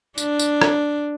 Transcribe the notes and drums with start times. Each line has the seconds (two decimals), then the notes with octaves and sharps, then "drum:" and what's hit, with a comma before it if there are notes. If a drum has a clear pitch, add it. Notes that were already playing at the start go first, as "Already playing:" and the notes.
0.18 D4, drum: tambourine
0.39 drum: tambourine
0.62 drum: rim click